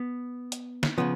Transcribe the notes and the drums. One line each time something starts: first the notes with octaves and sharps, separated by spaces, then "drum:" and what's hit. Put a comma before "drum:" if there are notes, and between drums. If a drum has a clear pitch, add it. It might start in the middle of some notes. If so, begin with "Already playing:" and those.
Already playing: B3
drum: hi-hat
drum: snare
C#3 F3 B3